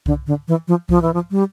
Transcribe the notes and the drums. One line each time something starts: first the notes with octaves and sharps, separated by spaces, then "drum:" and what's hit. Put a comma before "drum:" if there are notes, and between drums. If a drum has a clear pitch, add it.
D3, drum: kick C2
D3
E3
F3
F3, drum: kick C2
E3
F3
G3